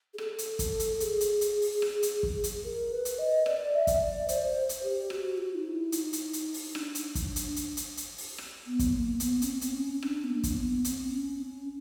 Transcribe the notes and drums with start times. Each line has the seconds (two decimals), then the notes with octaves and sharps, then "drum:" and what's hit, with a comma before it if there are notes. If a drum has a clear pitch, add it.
0.14 G#4
0.18 A4, drum: rim click
0.39 drum: hi-hat
0.59 drum: kick, hi-hat
0.80 drum: hi-hat
1.00 G#4, drum: hi-hat
1.21 drum: hi-hat
1.41 drum: hi-hat
1.62 drum: open hi-hat
1.82 drum: rim click
2.03 drum: hi-hat
2.23 drum: kick
2.44 drum: hi-hat
2.64 A#4
2.92 B4
3.05 drum: hi-hat
3.19 D#5
3.46 D5, drum: rim click
3.74 E5
3.87 drum: kick, hi-hat
4.01 D5
4.29 C5, drum: hi-hat
4.55 C5
4.69 drum: hi-hat
4.83 G4
5.10 F#4, drum: rim click
5.38 F4
5.55 D#4
5.65 E4
5.92 D#4, drum: hi-hat
6.13 drum: hi-hat
6.33 drum: hi-hat
6.54 drum: open hi-hat
6.75 D4, drum: rim click
6.95 drum: hi-hat
7.15 drum: kick, hi-hat
7.36 drum: hi-hat
7.56 drum: hi-hat
7.77 drum: hi-hat
7.97 drum: hi-hat
8.18 drum: open hi-hat
8.38 drum: rim click
8.66 B3
8.79 drum: kick, hi-hat
8.93 A#3
9.20 B3, drum: hi-hat
9.42 C#4, drum: hi-hat
9.47 C4
9.61 drum: hi-hat
9.75 C#4
9.95 C#4
10.02 D4, drum: rim click
10.24 B3
10.30 A#3
10.43 drum: kick, hi-hat
10.57 B3
10.85 C4, drum: hi-hat
11.11 C#4
11.39 C#4